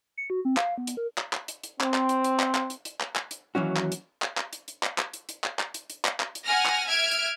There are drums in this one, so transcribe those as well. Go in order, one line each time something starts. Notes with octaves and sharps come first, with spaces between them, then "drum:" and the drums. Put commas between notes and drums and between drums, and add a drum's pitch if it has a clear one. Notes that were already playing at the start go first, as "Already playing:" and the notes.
C#7
F#4
C4
F5, drum: clap
B3
drum: hi-hat
A#4
drum: clap
drum: clap
drum: hi-hat
drum: hi-hat
C4, drum: clap
drum: clap
drum: hi-hat
drum: hi-hat
drum: clap
drum: clap
drum: hi-hat
drum: hi-hat
drum: clap
drum: clap
drum: hi-hat
D#2 E3 F#3 C#4 F#4
drum: clap
drum: hi-hat
drum: clap
drum: clap
drum: hi-hat
drum: hi-hat
drum: clap
drum: clap
drum: hi-hat
drum: hi-hat
drum: clap
drum: clap
drum: hi-hat
drum: hi-hat
drum: clap
drum: clap
drum: hi-hat
F#5 G#5 F6 A#6
drum: clap
E5 F6 G#6 D7
drum: hi-hat